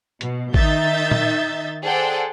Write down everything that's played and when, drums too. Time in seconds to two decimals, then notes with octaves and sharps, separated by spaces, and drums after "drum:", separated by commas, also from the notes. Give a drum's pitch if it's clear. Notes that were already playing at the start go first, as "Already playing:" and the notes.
0.21 B2, drum: hi-hat
0.54 D#3 D#4 E5 G6 A6, drum: kick G#1
1.11 drum: tom A#2
1.83 G#4 A4 C5 D5 F#5 G5